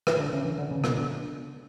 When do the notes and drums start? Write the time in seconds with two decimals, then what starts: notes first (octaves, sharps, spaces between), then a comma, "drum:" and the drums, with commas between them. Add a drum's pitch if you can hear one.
0.07 E3, drum: rim click
0.20 D3
0.33 C#3
0.45 E3
0.59 D3
0.71 C#3
0.84 B2, drum: rim click
0.97 D3